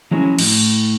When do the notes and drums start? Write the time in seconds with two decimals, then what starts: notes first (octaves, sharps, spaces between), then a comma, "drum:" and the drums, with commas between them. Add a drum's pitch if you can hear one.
0.11 F3 F#3 G#3 C#4 E4 G#4
0.39 A2, drum: cymbal